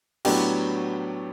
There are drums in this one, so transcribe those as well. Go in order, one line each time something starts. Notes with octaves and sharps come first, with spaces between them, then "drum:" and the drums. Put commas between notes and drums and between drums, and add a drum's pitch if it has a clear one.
A2 F#3 B3 D4 G4, drum: cymbal